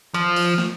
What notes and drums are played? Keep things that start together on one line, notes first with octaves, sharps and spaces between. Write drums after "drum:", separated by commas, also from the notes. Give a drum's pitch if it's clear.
F3, drum: hi-hat
drum: open hi-hat
drum: snare